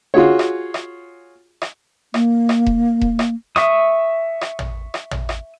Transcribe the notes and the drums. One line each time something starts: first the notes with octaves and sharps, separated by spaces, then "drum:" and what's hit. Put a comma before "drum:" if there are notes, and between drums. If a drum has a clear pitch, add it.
F4 F#4 G#4 C#5
drum: rim click
drum: rim click
drum: rim click
A#3, drum: rim click
drum: rim click
drum: kick E1
drum: kick E1
drum: rim click
E5 C#6 D#6, drum: rim click
drum: rim click
drum: tom
drum: rim click
drum: tom
drum: rim click